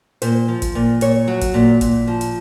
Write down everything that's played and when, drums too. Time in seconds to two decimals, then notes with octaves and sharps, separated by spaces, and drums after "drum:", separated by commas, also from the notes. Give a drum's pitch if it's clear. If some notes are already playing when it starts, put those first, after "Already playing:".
0.22 A#2 C5, drum: hi-hat
0.48 F3
0.62 drum: kick G#1, hi-hat
0.75 A#2
1.01 A#2 C#5, drum: hi-hat
1.28 F#3
1.41 drum: kick G#1, hi-hat
1.54 A#2
1.81 A#2, drum: kick G#1, hi-hat
2.07 F3
2.21 drum: hi-hat